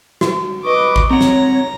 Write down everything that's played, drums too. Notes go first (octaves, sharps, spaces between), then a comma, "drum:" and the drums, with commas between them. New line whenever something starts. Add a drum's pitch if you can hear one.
F#4, drum: snare
B4 D#5 C#6 D6
drum: kick
C4 C#5 F#5 A#5
drum: snare